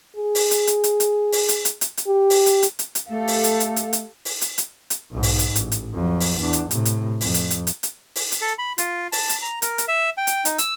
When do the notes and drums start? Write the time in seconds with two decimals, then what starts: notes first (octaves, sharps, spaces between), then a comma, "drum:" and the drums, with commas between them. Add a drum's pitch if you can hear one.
0.17 G#4
0.35 drum: open hi-hat
0.51 drum: hi-hat
0.67 drum: hi-hat
0.84 drum: hi-hat
1.00 drum: hi-hat
1.32 drum: open hi-hat
1.49 drum: hi-hat
1.65 drum: hi-hat
1.81 drum: hi-hat
1.97 drum: hi-hat
2.07 G4
2.30 drum: open hi-hat
2.46 drum: hi-hat
2.62 drum: hi-hat
2.79 drum: hi-hat
2.95 drum: hi-hat
3.09 A3 G4 A4 F5
3.28 drum: open hi-hat
3.44 drum: hi-hat
3.60 drum: hi-hat
3.76 drum: hi-hat
3.93 drum: hi-hat
4.25 drum: open hi-hat
4.41 drum: hi-hat
4.58 drum: hi-hat
4.90 drum: hi-hat
5.12 B1 G#2
5.23 drum: open hi-hat
5.39 drum: hi-hat
5.56 A1, drum: hi-hat
5.72 drum: hi-hat
5.93 F2 F#3
6.20 drum: open hi-hat
6.40 E2 D4
6.53 drum: hi-hat
6.71 A2 C3, drum: hi-hat
6.85 drum: hi-hat
7.21 F2, drum: open hi-hat
7.34 drum: hi-hat
7.50 drum: hi-hat
7.67 drum: hi-hat
7.83 drum: hi-hat
8.16 drum: open hi-hat
8.32 drum: hi-hat
8.41 A4
8.59 B5
8.78 F4, drum: hi-hat
9.12 A5, drum: open hi-hat
9.29 drum: hi-hat
9.42 A#5
9.62 A#4, drum: hi-hat
9.78 drum: hi-hat
9.88 E5
10.18 G5
10.27 drum: hi-hat
10.45 D#4, drum: hi-hat
10.58 E6, drum: hi-hat